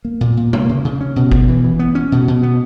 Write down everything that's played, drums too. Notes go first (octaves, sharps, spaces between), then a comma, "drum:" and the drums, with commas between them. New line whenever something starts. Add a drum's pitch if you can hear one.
A#3
A#2
A#2
A#3, drum: tom C3
C#3
C#3
C#4
B2
B2, drum: kick
E3
E3
B3
C#4
B2
B2
B3